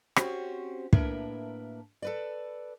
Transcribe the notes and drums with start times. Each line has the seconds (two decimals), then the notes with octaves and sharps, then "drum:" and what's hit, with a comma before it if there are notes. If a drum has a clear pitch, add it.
0.16 C4 C#4 F#4 G4 C5, drum: rim click
0.93 A2 A#3 D4 A#4 B4 E5, drum: kick
2.02 A4 B4 D5